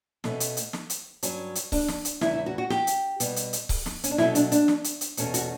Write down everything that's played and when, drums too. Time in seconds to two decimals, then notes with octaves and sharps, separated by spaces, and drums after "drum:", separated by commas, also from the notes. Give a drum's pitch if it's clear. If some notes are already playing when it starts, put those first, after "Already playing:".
0.24 B2 A3 C#4, drum: snare
0.40 drum: hi-hat
0.57 drum: hi-hat
0.73 drum: snare
0.90 drum: hi-hat
1.23 G2 F#3 C#4, drum: hi-hat
1.55 drum: hi-hat
1.72 D4, drum: kick C#1, open hi-hat
1.88 drum: snare
2.05 drum: hi-hat
2.21 E2 C#3 G3 E4, drum: snare
2.34 E4
2.46 F#4
2.58 F#4
2.70 G4, drum: snare
2.87 drum: hi-hat
3.20 B2 G3 B3, drum: hi-hat
3.36 drum: hi-hat
3.53 drum: hi-hat
3.69 drum: kick C#1, open hi-hat
3.86 drum: snare
4.04 C#4, drum: hi-hat
4.11 D4
4.18 B2 F#3 A3 C#4 E4, drum: snare
4.35 D4, drum: hi-hat
4.52 D4, drum: hi-hat
4.68 drum: snare
4.84 drum: hi-hat
5.01 drum: hi-hat
5.17 E2 B2 A3 C#4, drum: hi-hat
5.34 F#4, drum: hi-hat